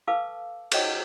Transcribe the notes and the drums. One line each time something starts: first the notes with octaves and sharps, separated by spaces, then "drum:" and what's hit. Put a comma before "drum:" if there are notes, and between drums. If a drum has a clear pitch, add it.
A4 B4 F5 A5 D6 E6
A4 C5 C#5 D#5 G5, drum: cymbal